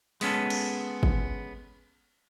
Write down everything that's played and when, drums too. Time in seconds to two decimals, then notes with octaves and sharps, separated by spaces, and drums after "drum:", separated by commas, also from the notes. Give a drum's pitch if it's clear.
0.21 G#3 B3 C#4 A4, drum: open hi-hat
0.50 drum: cymbal
1.03 drum: kick